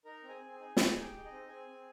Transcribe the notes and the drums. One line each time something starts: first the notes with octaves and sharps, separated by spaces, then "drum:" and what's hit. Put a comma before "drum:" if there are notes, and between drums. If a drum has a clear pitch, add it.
D#4 A#4 A#5
C4
G#4 G#5
C4
G#4 G#5
D#4
D#4 G#4 G#5, drum: snare
D#4
G4 G5
G#4
D#4 D#5
C4
C4 G#4 G#5
C4